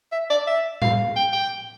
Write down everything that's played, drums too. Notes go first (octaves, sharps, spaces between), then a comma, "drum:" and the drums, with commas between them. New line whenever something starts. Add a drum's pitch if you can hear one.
E5
D5
E5
F5, drum: tom A2
G5
G5